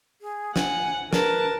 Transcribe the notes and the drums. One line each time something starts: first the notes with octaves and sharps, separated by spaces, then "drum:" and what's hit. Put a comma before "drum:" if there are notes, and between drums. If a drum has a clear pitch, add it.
G#4
F#5 G#5, drum: snare
A#4 B4 A5, drum: snare